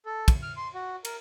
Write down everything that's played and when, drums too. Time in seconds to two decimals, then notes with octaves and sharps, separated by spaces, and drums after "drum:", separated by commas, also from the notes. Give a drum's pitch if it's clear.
0.06 A4
0.28 drum: kick, cymbal
0.43 F6
0.57 C6
0.74 F#4
1.05 A#4, drum: cymbal